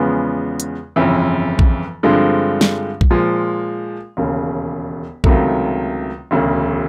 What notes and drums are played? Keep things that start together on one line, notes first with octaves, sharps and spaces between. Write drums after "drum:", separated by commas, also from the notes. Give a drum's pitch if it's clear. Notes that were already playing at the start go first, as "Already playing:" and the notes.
Already playing: E2 C#3 F3 G#3 B3
drum: hi-hat
G1 F2 C#3 E3
drum: kick A#1
G2 D3 F3 G#3 C4
drum: snare
drum: kick A#1
A#2 F3 G#3
E1 D#2 C#3
C#2 C3 D#3 F#3 A3, drum: kick A#1
E1 D2 C#3